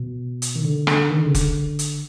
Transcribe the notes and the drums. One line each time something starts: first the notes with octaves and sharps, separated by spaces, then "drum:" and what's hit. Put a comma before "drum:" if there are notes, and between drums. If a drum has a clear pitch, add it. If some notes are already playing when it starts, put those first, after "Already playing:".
Already playing: B2
drum: hi-hat
D#3
D3
D3, drum: rim click
D#3
D3
C#3
D3, drum: kick F1, hi-hat
drum: hi-hat